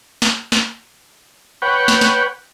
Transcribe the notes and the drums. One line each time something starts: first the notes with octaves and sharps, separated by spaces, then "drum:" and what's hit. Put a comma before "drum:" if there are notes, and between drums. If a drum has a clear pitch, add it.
drum: snare
drum: snare
B4 C#5 F#5 G5
drum: snare
drum: snare